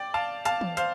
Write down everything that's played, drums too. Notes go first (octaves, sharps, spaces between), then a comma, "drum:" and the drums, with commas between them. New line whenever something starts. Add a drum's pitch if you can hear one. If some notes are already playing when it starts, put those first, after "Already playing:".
Already playing: D5 G5
F5 A5
F5 A5, drum: hi-hat
drum: tom E3
C5 F5, drum: hi-hat